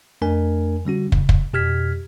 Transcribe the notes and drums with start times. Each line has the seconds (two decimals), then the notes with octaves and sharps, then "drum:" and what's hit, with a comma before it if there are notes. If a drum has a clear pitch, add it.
0.22 F2 A3 D4 A#4 G#5
0.85 D3 G3 C#4 F#4
1.12 C#3, drum: kick
1.29 drum: kick
1.53 F2 B2 G4 F6 G#6 B6